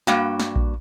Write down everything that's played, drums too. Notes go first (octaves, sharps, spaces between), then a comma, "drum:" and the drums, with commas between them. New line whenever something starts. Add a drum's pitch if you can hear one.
G2 A#3 F#4 G5, drum: snare
drum: snare
drum: kick A#1